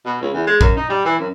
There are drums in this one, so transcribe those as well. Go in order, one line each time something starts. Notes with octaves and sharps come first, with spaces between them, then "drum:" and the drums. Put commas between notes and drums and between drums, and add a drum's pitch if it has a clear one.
B2
C#2
E2
G#3
F#2, drum: kick
D#4
G3
E3
F#2